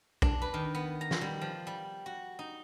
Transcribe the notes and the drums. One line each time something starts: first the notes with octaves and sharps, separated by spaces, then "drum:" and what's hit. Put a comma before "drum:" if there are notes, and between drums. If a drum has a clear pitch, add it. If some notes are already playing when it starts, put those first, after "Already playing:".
D4, drum: kick
B4
D#3
B3
A#5
drum: snare
G3
F3
G3
F#4
D#4